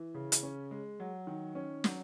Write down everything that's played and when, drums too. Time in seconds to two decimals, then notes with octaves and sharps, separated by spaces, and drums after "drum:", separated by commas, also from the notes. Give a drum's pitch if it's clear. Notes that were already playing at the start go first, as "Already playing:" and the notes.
Already playing: E3
0.14 C#3
0.32 drum: hi-hat
0.43 C#4
0.71 G#3
1.00 F#3
1.27 D#3
1.55 C#4
1.84 F#3, drum: snare